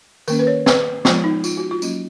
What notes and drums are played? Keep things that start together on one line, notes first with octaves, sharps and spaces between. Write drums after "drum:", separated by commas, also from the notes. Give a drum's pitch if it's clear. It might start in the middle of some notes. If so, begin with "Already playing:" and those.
D#3 A#3 C#4 A#4, drum: tambourine
B4
C#5
B4, drum: snare
F3 G#3 B3 F4, drum: snare
D#4
F4, drum: tambourine
F#4
F4
F#3 A#3 C#4, drum: tambourine